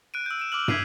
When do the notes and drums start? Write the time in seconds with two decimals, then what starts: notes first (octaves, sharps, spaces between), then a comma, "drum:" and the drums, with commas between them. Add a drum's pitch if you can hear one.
0.14 F#6 D7 D#7
0.26 E6 G6
0.40 D7 E7
0.52 D6 E6 F6 F#7
0.68 F#6 G#6 B6 C7 D#7 F7, drum: tom